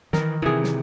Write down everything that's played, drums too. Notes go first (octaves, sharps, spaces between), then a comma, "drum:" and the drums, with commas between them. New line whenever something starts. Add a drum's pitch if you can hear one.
D#3 E3 A#4, drum: snare
C3 D#3 E3 G#4
drum: snare